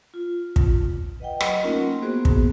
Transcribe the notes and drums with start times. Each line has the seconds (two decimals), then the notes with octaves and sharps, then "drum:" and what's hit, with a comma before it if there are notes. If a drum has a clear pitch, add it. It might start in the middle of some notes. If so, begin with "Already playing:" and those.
0.14 F4
0.56 drum: kick
1.20 B4 D#5 F#5 G5
1.40 F#3 D#5 F#5, drum: rim click
1.63 A3 A#3 C#4 D#4 F4 A#4
1.79 C6
2.02 A#3 B3 F#4 G#4 C5
2.25 drum: kick